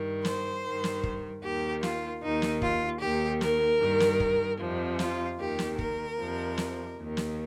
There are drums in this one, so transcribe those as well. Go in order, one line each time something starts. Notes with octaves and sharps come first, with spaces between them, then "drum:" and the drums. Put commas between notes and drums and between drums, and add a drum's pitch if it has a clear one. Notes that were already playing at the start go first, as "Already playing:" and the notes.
Already playing: G2 D#3
C5, drum: snare
G2 D#3
drum: snare
drum: kick
D#2 D#3 G4
F4, drum: snare
D#2 D#3 D#4
drum: snare
F4, drum: kick
D#2 D#3 G4
A#4, drum: snare
G2 D#3
drum: snare
drum: kick
F2 C3 F3
F4, drum: snare
D#2 D#3 G4
drum: snare
A#4, drum: kick
F2 C3 F3
drum: snare
D#2 D#3
drum: snare